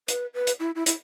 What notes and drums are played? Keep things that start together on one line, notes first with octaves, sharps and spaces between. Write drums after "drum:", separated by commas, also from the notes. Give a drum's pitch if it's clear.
B4, drum: hi-hat
B4
drum: hi-hat
E4
E4
E4, drum: hi-hat